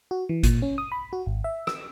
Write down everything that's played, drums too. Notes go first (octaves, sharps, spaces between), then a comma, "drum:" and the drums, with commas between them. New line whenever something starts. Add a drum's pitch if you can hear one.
F#4
E3
A#2, drum: kick G#1, hi-hat
C#4
D#6
B5
F#4
G#1
E5
E6, drum: rim click